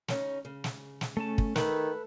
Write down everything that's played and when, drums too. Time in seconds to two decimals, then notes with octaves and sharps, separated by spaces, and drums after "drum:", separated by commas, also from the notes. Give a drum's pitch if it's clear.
0.08 C#3 C#4 D#4, drum: snare
0.45 C#3
0.64 drum: snare
1.01 drum: snare
1.17 A3 C#4 A5
1.38 drum: kick
1.56 D#3 A3 A4 B4 B5, drum: snare